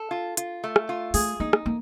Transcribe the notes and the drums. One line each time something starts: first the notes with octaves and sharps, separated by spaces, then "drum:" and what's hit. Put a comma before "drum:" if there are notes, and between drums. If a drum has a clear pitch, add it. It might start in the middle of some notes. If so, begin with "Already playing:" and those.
Already playing: A4
F4
F4, drum: hi-hat
A3
drum: rim click
F4
A3 G#4, drum: open hi-hat
A#3 D#4
drum: rim click
A#3